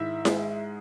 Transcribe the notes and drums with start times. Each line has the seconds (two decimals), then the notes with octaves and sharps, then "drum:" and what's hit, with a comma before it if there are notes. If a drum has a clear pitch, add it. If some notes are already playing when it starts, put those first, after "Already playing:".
Already playing: G#2 D#3 E4 E5
0.25 G#3, drum: snare E4